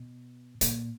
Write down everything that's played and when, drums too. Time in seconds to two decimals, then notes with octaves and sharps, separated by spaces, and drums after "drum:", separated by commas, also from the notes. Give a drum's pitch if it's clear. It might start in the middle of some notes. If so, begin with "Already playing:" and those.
Already playing: B2
0.61 A#2, drum: hi-hat